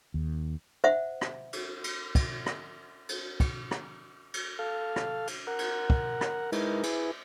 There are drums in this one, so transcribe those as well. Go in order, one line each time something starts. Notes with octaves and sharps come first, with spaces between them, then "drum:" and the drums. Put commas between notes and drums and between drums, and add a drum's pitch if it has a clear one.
D#2
C5 E5 F#5
drum: rim click
drum: cymbal
drum: cymbal
drum: kick, cymbal
drum: rim click
drum: cymbal
drum: kick, cymbal
drum: rim click
drum: cymbal
A4 F5
drum: rim click
drum: cymbal
A#4 F#5
drum: cymbal
drum: kick
drum: rim click
G#3 D#4 E4 A#4 B4, drum: cymbal
E4 G#4 B4, drum: cymbal